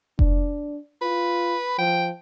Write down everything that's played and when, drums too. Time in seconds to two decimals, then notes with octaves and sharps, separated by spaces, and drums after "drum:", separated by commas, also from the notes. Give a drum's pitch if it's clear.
0.19 D4, drum: kick F1
1.02 F4 B4
1.78 F3 G5